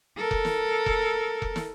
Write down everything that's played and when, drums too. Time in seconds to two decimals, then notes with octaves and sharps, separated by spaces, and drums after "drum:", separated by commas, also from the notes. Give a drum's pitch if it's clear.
0.17 A4 A#4
0.31 drum: kick F1
0.45 drum: snare
0.86 drum: kick F1
1.42 drum: kick F1
1.56 drum: snare